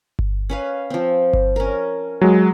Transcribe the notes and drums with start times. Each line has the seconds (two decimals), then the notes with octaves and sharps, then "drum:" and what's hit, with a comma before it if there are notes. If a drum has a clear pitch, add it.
0.19 drum: kick G1
0.50 C#4 B4 F5
0.90 F3 C4
1.33 drum: kick G1
1.56 C#4 A#4
2.21 F#3 G#3